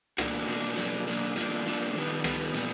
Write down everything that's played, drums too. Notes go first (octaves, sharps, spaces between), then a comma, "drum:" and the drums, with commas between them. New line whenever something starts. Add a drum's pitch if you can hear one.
B2 G3 A#3 D4 F#4, drum: rim click
B2 G3 A#3 D4 F#4
B2 F#3 A#3 D4, drum: hi-hat
B2 F#3 A#3 D4
G3 A#3 D4 F4, drum: hi-hat
G3 A#3 D4 F4
D#3 G3 B3
D#3 G3 B3, drum: rim click
A#2 G3 B3, drum: hi-hat